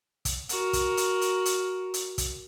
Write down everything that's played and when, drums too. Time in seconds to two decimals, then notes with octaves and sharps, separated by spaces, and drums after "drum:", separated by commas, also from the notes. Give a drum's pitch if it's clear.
0.25 drum: kick, hi-hat
0.49 F#4 A#4, drum: hi-hat
0.73 drum: kick, hi-hat
0.97 drum: hi-hat
1.21 drum: hi-hat
1.45 drum: hi-hat
1.94 drum: hi-hat
2.18 drum: kick, hi-hat